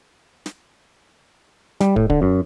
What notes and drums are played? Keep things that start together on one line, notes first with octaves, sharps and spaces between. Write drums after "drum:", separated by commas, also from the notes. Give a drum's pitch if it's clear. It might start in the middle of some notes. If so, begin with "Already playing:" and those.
drum: snare
G3, drum: snare
A2, drum: kick
D3, drum: kick
F#2